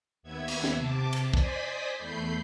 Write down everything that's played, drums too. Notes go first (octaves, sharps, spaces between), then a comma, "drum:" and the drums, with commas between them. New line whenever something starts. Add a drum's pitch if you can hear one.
D#2 B3 E5 G#6
drum: cymbal
drum: snare
C3 A5 D6
drum: cymbal
C5 D5 D#5 G#5 D#6 B6, drum: kick
E2 A3 B5 G6 C7